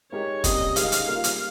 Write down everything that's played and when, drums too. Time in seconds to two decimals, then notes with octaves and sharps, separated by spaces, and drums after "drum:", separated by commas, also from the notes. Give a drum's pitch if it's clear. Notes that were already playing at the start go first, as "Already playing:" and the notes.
0.12 G#3 D#4 G4 A#4 C#5
0.44 C3 G3 A#3 C#4 G4 D#5, drum: kick, hi-hat
0.76 C#3 G#3 D#4 G4 A#4 F5, drum: hi-hat
0.92 drum: hi-hat
1.08 G3 A#3 F4 A#4
1.24 drum: hi-hat